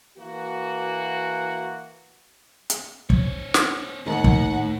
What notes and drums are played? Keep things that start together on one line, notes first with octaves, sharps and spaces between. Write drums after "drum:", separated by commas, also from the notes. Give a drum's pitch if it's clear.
E3 A#3 F#4
drum: hi-hat
C4 C#5, drum: kick
drum: snare
D#2 A2 F#5
drum: kick